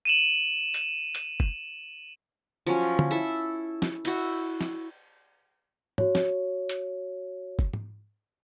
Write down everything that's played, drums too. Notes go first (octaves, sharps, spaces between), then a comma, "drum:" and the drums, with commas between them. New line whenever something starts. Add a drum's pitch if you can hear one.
D#7 E7 F#7
drum: hi-hat
drum: hi-hat
drum: kick
F3 F#3 C#4
drum: tom D3
E4 A4 E5
drum: snare
E4 F#4, drum: cymbal
drum: snare
F#4 C#5, drum: tom
drum: snare
drum: hi-hat
drum: kick
drum: tom G#2